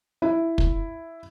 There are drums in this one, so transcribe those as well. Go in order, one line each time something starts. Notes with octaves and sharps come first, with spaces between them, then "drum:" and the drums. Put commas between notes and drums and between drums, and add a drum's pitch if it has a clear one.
E4
drum: kick